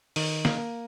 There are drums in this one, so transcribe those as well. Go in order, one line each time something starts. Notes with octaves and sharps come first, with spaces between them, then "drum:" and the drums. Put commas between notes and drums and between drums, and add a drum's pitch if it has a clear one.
D#3, drum: open hi-hat
A#3, drum: snare